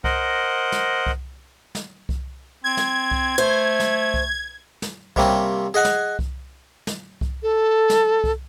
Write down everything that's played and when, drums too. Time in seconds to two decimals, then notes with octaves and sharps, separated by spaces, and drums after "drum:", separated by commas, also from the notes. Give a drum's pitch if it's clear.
0.04 A#4 C5 D#5 F#5, drum: kick C2
0.72 drum: snare
1.06 drum: kick C2
1.75 drum: snare
2.09 drum: kick C2
2.64 C4 G#6
2.77 drum: snare
3.11 drum: kick C2
3.38 A3 C5
3.80 drum: snare
4.14 drum: kick C2
4.82 drum: snare
5.16 C3 G3 A#3 C4 C#4, drum: kick C2
5.74 G#4 D#5 F#5 G#5
5.85 drum: snare
6.19 drum: kick C2
6.87 drum: snare
7.21 drum: kick C2
7.43 A4
7.90 drum: snare
8.24 drum: kick C2